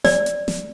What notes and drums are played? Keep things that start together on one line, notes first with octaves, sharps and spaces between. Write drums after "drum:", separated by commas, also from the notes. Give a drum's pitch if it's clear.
D5, drum: snare
drum: hi-hat
drum: snare